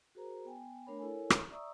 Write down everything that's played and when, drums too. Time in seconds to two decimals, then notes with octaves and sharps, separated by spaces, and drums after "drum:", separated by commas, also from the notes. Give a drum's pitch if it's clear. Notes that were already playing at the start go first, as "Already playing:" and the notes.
0.15 F#4 G#4 A#4 C5 A#5
0.45 B3 G5 G#5
0.86 A3 D4 A#4 C#5 B5
0.99 E4 A4 A#4 C#5 G#5
1.30 drum: rim click
1.51 D5 E5 A#5 C#6 D#6 E6